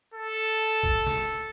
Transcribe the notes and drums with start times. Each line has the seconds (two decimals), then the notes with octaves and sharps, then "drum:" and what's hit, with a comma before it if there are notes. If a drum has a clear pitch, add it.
0.14 A4
0.83 drum: kick A#1
1.07 drum: snare